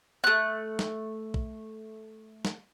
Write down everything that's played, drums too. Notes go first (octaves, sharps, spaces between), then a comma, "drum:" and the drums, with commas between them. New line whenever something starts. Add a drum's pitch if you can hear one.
A3 F#6
drum: snare
drum: kick A#1
drum: snare